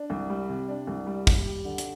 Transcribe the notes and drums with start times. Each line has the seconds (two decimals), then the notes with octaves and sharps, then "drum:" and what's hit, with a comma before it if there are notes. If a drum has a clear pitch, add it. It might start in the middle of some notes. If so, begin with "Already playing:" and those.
Already playing: D4
0.10 C2
0.29 G3
0.49 C3
0.69 D4
0.87 C2
1.07 G3
1.27 G3, drum: kick, open hi-hat
1.46 G4
1.65 D3
1.78 drum: hi-hat